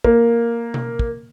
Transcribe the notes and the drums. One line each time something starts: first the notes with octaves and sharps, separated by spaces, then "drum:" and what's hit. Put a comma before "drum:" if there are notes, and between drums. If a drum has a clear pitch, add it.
A#3, drum: kick
drum: tom B2
drum: kick